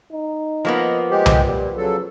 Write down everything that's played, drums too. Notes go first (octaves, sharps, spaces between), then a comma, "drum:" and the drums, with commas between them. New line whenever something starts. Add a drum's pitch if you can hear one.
D#4
F3 A#3 B3 D#5
G#3 G4 C5
drum: tom C2
A#2 G3
C#3 F#3 A4